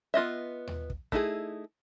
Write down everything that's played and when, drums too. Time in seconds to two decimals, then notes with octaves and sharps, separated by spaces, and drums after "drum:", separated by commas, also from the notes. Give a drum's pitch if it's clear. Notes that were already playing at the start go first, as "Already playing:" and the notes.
0.14 B3 F4 D#5 E5
0.67 drum: tom D#2
0.90 drum: kick
1.12 A3 D#4 E4 F#4 G#4, drum: kick